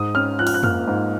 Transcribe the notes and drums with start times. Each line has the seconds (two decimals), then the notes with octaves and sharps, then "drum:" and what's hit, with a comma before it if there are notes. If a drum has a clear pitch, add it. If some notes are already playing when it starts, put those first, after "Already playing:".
Already playing: G#2 D#6
0.15 C#4 F6
0.39 F3 F#6
0.47 F6, drum: open hi-hat
0.54 F#6
0.63 A#3 F6, drum: tom
0.88 G#2